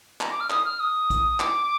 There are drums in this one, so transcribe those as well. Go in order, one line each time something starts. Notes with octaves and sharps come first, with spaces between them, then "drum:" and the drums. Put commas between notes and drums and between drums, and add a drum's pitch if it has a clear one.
A#5, drum: clap
D6
F6
D#6, drum: clap
F6
D#6
drum: kick A#1, hi-hat
D6, drum: clap